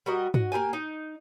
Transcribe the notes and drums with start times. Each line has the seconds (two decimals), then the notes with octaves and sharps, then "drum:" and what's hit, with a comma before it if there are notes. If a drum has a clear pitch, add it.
0.06 G3 F#4 A#4 D#5
0.34 F#4 D#5, drum: tom
0.52 A#3 E4 G4 G#5
0.73 D#4